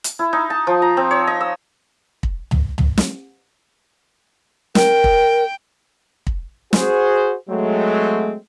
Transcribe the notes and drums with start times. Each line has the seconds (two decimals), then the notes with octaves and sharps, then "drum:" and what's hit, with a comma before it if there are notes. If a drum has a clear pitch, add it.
0.04 drum: hi-hat
0.19 E4
0.33 D#4
0.50 A5
0.67 F3
0.82 A#5
0.97 C4
1.11 C#5
1.27 D#5
1.41 E6
2.23 drum: kick
2.51 drum: tom
2.78 drum: tom
2.98 drum: snare
4.75 A#4 G5, drum: snare
5.04 drum: kick
6.27 drum: kick
6.73 F#4 G#4 C5, drum: snare
7.50 F#3 G#3 A3 C4